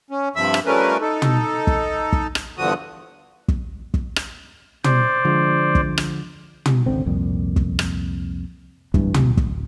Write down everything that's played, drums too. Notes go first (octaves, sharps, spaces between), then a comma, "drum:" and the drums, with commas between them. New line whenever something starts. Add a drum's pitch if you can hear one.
C#4
G2 C3 F3 E5 B5 E6
drum: rim click
F3 G3 A3 C#4 A#4 B4
D#4 A4
drum: tom
drum: kick
drum: kick
drum: rim click
E2 G2 D3 F3 F#4 D#6
drum: kick
drum: kick
drum: rim click
C5 D5, drum: tom
D3 F3 G#3
drum: kick
drum: rim click
drum: tom
G#1 C#2 D3 C4
C2 F2 A#2
drum: kick
drum: rim click
D1 G2 E3, drum: kick
D1, drum: tom
drum: kick